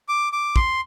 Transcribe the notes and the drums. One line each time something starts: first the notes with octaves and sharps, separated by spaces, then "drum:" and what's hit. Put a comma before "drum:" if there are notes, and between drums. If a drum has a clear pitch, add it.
D6
D6
C6, drum: kick